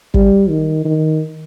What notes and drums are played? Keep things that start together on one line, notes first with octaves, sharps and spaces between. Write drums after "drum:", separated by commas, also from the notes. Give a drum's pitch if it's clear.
G3, drum: kick
D#3
D#3